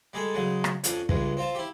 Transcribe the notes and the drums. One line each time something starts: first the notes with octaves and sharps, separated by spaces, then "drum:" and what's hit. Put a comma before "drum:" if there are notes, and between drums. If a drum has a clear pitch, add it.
G3 G#3 G#4 A4
C#3 F#3 G#3
drum: rim click
F2 C#4 D4, drum: hi-hat
C#2 G2 G#3, drum: kick
C4 F4 A5
E4 G4